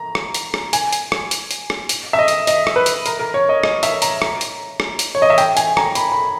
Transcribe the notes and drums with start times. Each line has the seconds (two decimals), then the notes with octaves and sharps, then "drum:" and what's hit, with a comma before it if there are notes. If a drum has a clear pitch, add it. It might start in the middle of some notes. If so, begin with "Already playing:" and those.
Already playing: A#5
0.15 drum: rim click
0.34 drum: hi-hat
0.54 drum: rim click
0.73 G#5, drum: hi-hat
0.93 drum: hi-hat
1.12 drum: rim click
1.31 drum: hi-hat
1.51 drum: hi-hat
1.70 drum: rim click
1.89 drum: hi-hat
2.13 E5
2.19 D#5
2.28 drum: hi-hat
2.47 D#5, drum: hi-hat
2.67 drum: rim click
2.76 B4
2.86 drum: hi-hat
3.06 A#4, drum: hi-hat
3.20 A#4
3.34 C#5
3.49 D#5
3.63 D#5, drum: rim click
3.83 E5, drum: hi-hat
4.02 A#5, drum: hi-hat
4.22 drum: rim click
4.41 drum: hi-hat
4.80 drum: rim click
4.99 drum: hi-hat
5.15 C#5
5.22 D#5
5.30 E5
5.38 G5, drum: hi-hat
5.57 G#5, drum: hi-hat
5.77 A#5, drum: rim click
5.95 B5, drum: hi-hat
6.12 B5